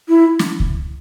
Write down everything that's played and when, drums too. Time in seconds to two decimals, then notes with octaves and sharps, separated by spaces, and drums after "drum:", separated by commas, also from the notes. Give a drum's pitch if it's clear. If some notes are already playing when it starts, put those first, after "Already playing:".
0.09 E4
0.39 drum: snare
0.60 drum: kick C#2